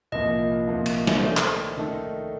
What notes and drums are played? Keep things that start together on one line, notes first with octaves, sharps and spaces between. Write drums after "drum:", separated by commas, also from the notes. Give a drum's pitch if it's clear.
C2 A#2 F3 A#3 F4 D#5
C2 A#2 F3 A#3 F4
drum: cymbal
drum: snare
C5
D#3 A3 D#4 A4 D5
drum: clap
D#3 A3 D#4 A4